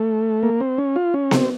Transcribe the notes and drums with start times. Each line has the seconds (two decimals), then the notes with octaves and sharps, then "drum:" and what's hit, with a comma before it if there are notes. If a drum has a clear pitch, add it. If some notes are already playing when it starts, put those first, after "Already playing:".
Already playing: A3
0.43 A#3
0.60 C4
0.78 C#4
0.96 F4
1.14 C#4
1.31 C4, drum: snare B3